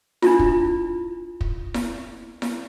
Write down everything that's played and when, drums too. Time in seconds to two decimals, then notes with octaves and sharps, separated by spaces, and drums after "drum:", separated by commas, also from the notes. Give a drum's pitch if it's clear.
0.22 D4 E4 F4, drum: snare E4
0.39 drum: kick
1.41 drum: kick
1.74 drum: snare E4
2.42 drum: snare E4